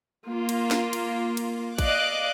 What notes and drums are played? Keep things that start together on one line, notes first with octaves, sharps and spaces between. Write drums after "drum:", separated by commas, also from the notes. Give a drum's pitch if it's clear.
A#3 F4
drum: cymbal
drum: snare
drum: cymbal
drum: cymbal
D5 D#5 F5 D6 F#6, drum: kick, cymbal